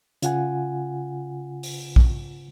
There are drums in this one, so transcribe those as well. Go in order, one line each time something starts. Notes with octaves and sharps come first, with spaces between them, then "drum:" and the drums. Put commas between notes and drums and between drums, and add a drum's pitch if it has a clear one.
C#3 F4 F#5 G#5, drum: hi-hat
drum: open hi-hat
drum: kick A#1